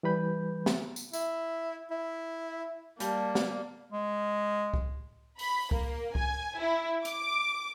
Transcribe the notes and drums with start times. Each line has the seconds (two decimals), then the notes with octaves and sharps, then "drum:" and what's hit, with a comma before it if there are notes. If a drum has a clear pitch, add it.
0.03 E3 G3 B4 B5 G6
0.66 drum: snare
0.96 drum: tambourine
1.13 E4, drum: tambourine
1.91 E4
3.00 G3 A#3 D5 A5, drum: hi-hat
3.35 drum: snare
3.92 G#3
4.74 drum: kick C2
5.39 B5, drum: open hi-hat
5.71 A#3, drum: kick C2
6.15 G#5, drum: kick C2
6.60 E4
7.05 D6, drum: hi-hat